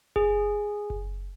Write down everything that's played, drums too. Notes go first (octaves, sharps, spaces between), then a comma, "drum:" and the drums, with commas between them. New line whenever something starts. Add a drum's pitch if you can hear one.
G#4, drum: kick F#1
drum: kick F#1